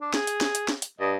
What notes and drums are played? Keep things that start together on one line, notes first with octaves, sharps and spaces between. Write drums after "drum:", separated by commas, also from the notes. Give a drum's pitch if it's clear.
D4
G#4, drum: snare
drum: hi-hat
drum: snare
drum: hi-hat
drum: snare
drum: hi-hat
G2 D#5